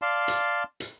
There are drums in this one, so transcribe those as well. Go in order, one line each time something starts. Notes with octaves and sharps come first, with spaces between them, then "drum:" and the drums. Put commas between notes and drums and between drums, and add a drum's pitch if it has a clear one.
D5 F5 A5 C6
drum: hi-hat
drum: hi-hat